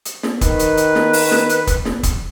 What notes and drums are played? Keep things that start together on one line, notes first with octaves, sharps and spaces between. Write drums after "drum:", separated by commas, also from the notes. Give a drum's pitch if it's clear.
drum: hi-hat
drum: snare
D#3 B4, drum: kick, hi-hat
drum: hi-hat
drum: hi-hat
drum: snare
drum: open hi-hat
drum: snare
drum: hi-hat
drum: kick, hi-hat
drum: snare
drum: kick, hi-hat